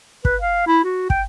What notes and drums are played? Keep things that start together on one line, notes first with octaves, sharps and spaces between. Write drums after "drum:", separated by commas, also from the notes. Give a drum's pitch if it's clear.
B4, drum: kick
F5
E4
F#4
G5, drum: kick